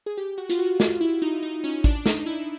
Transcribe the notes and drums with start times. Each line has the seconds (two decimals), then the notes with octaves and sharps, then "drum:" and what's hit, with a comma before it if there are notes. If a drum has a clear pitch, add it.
0.06 G#4
0.17 G4
0.38 F#4
0.49 F4, drum: hi-hat
0.59 F#4
0.80 F4, drum: snare
1.01 E4
1.22 D#4
1.43 D#4
1.64 C#4
1.84 D4, drum: kick A1
2.06 D#4, drum: snare
2.26 E4